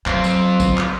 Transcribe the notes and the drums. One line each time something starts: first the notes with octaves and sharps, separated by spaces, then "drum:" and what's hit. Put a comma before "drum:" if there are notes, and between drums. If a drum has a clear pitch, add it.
F#3 C4 F4, drum: clap
drum: tambourine
drum: kick, tambourine
drum: clap